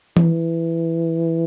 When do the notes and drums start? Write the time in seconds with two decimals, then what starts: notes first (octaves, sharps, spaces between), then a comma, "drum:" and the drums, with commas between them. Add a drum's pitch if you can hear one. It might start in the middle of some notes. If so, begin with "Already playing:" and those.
0.17 E3, drum: tom E3